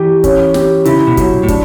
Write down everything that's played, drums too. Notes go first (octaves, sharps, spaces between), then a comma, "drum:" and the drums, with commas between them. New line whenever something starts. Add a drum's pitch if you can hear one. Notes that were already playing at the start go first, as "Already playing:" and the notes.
Already playing: E3 G4
C#4, drum: kick, hi-hat
G4, drum: snare
C#3 E4, drum: hi-hat
B2
F#3, drum: kick, hi-hat
A2
D4, drum: kick, hi-hat